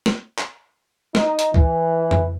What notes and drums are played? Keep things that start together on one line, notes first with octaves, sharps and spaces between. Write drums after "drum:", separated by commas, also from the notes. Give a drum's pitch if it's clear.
drum: snare
drum: clap
D#4, drum: snare
drum: hi-hat
E3, drum: kick
drum: tom F2